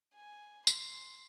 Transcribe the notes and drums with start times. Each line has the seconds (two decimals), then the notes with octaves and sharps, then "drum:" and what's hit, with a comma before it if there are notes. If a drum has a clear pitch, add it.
0.14 G#5
0.67 C6, drum: tambourine